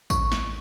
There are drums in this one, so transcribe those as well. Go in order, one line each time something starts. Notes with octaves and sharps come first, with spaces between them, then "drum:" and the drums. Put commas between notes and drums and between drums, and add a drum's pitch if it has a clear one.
C#6, drum: kick A1, tambourine
drum: snare